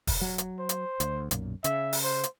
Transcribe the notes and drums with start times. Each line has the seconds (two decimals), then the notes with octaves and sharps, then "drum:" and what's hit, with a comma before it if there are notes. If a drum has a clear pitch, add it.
0.07 drum: kick, open hi-hat
0.21 F#3
0.38 drum: hi-hat
0.59 C5
0.69 drum: hi-hat
1.00 D2, drum: hi-hat
1.31 B1 F#2 A#2, drum: hi-hat
1.64 C#3 E5, drum: hi-hat
1.93 drum: open hi-hat
2.03 C5
2.23 drum: hi-hat